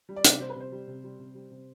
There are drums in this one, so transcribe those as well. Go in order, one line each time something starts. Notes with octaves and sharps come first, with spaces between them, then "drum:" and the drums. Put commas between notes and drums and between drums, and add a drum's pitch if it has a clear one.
G3
D5
C3, drum: hi-hat
G3 C5
B4
C3 C5
G3
C3
G3
C3
G3
C3